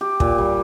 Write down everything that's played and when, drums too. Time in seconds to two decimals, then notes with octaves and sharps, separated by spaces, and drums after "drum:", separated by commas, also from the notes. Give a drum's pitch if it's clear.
0.01 G4
0.20 A#2, drum: kick
0.38 G3